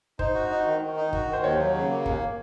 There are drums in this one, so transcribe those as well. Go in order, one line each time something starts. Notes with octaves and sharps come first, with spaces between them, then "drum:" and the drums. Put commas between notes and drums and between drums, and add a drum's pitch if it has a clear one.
D#4 C5, drum: kick
F#4
D#4
D#3
D#3
D#4
F#4, drum: kick
D#3
C5
D#2 C#5
F#3
C#3
A#3
D#2, drum: kick